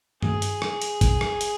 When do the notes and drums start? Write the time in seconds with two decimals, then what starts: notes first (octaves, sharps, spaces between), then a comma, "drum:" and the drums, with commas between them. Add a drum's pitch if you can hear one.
0.22 G#4, drum: tom G2
0.42 drum: hi-hat
0.62 drum: rim click
0.82 drum: hi-hat
1.01 drum: kick, hi-hat
1.21 drum: rim click
1.41 drum: hi-hat